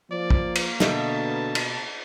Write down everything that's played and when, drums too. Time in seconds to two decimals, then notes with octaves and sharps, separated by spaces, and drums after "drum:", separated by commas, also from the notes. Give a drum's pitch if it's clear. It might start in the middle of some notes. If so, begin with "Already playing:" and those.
0.11 F3 A#3 D5
0.30 drum: kick
0.55 drum: cymbal
0.80 B2 D3 E5 A5, drum: snare
1.55 drum: cymbal